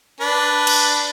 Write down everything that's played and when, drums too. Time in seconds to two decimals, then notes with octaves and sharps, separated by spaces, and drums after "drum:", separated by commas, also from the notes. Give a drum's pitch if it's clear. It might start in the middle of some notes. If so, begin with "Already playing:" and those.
0.20 D4 B4
0.67 drum: cymbal